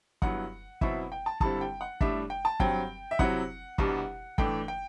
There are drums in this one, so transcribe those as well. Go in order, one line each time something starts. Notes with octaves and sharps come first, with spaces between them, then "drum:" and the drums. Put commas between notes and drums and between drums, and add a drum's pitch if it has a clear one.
G2 F#3 B3 E4 F#5, drum: kick
B2 F#3 C4 E4 E5, drum: kick
G5
A5
G2 D3 G3 C4 E4 A5, drum: kick
G5
F#5
A2 G3 D4 E5, drum: kick
G5
A5
G2 F#3 C4 G5, drum: kick
E5
C3 F#3 C4 E4 F#5, drum: kick
C2 B2 G3 D4, drum: kick
A2 E3 A3 D4 G5, drum: kick
G5